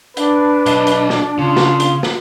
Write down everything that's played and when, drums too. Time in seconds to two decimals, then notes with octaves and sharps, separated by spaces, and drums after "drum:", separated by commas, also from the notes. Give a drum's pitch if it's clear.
0.17 D4 B4, drum: hi-hat
0.66 B1 D#5, drum: hi-hat
0.87 drum: hi-hat
1.10 drum: snare
1.38 C#3 F4
1.57 drum: snare
1.80 drum: hi-hat
2.03 drum: snare